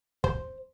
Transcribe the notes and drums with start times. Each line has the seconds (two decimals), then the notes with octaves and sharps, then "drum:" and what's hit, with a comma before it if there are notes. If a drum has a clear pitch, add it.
0.24 C5, drum: kick